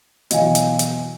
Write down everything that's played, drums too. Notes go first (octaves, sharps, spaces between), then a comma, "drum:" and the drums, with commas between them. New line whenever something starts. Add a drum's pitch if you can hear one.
B2 E3 F#3 D#5 F5 G#5, drum: hi-hat
drum: hi-hat
drum: hi-hat